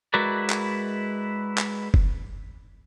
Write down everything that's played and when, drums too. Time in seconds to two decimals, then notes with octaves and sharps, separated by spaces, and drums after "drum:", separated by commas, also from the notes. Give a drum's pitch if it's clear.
0.14 G#3 E4 F#4 A#4 B4 D5
0.50 drum: clap
1.58 drum: clap
1.94 drum: kick F#1